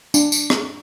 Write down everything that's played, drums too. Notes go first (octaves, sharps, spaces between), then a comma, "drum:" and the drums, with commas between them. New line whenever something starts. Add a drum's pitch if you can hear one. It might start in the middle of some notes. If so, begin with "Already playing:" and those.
D4, drum: tambourine
drum: tambourine
drum: rim click